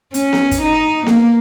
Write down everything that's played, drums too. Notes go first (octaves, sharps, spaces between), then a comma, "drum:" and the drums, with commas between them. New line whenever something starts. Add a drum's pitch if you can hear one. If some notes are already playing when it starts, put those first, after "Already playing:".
C#4, drum: hi-hat
drum: snare B3
drum: kick, hi-hat
D#4
A#3, drum: snare B3